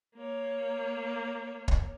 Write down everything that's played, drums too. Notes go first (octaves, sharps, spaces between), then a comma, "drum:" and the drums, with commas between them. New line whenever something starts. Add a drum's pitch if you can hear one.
A#3 C#5
drum: kick